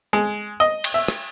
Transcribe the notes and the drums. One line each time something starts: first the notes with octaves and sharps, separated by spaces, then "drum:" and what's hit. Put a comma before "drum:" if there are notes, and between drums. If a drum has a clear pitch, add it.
G#3
D#5
drum: cymbal
E5
drum: rim click